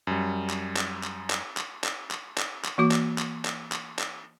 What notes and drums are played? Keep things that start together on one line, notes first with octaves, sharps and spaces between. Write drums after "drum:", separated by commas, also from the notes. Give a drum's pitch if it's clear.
F#2 G3
drum: clap
drum: clap
drum: clap
drum: clap
drum: clap
drum: clap
drum: clap
drum: clap
drum: clap
E3 A#3 F#4 D6
drum: clap
drum: clap
drum: clap
drum: clap
drum: clap